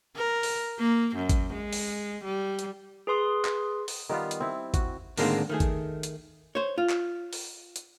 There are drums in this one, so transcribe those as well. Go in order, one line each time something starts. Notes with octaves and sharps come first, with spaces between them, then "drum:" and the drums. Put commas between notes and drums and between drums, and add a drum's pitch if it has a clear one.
A#4
drum: open hi-hat
A#3
F#2
drum: kick G#1, hi-hat
G#3
drum: open hi-hat
G3
drum: hi-hat
G#4 B4 C6 D#6
drum: clap
drum: open hi-hat
D#3 G3 B3 F4
drum: hi-hat
C4 E4
F#4, drum: kick G#1, hi-hat
A2 D3 D#3 G#3 A#3 C4, drum: open hi-hat
D#3 A3 G#4
drum: kick G#1, hi-hat
drum: hi-hat
C5 C#5
F4
drum: clap
drum: open hi-hat
drum: hi-hat